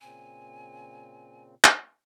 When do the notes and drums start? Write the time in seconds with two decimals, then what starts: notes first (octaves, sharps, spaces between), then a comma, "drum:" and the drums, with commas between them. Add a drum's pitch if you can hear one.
0.01 A#2 C#3 C4 G#5
1.64 drum: clap